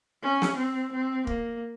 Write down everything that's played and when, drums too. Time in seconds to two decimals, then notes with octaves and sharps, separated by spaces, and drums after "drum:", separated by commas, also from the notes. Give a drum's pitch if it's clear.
0.23 C#4
0.42 drum: snare
0.57 C4
0.93 C4
1.27 A#3, drum: kick